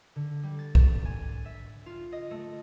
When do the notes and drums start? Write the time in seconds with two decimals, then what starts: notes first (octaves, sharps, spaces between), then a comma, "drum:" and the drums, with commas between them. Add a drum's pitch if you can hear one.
0.16 D3
0.43 G3
0.59 A6
0.75 drum: kick B1
1.05 G#5
1.28 A6
1.45 E5
1.86 F4
2.12 D#5
2.31 A3